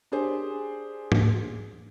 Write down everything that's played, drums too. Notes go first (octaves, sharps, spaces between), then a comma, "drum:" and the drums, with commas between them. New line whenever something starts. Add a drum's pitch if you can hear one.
D4 G4 G#4 C5
drum: tom G#2